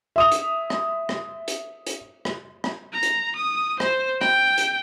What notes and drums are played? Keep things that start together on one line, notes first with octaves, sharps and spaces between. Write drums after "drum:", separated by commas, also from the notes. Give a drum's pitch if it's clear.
E5 D#6 F7
drum: hi-hat
drum: rim click
drum: rim click
drum: hi-hat
drum: hi-hat
drum: rim click
drum: rim click
A#5
drum: hi-hat
D#6
C5, drum: rim click
G5, drum: rim click
drum: hi-hat